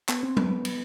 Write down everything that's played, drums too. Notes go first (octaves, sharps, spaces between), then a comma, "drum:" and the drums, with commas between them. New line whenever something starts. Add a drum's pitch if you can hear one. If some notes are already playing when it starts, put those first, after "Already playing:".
B3, drum: clap
C4
B3, drum: tom F#3
drum: cymbal